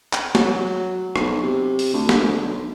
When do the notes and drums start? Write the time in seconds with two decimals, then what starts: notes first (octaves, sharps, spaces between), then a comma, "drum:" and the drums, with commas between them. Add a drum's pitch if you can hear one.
0.13 drum: clap
0.35 F#3, drum: snare
1.16 B1, drum: rim click
1.43 C3
1.79 drum: open hi-hat
1.94 D2
2.09 drum: snare
2.43 B1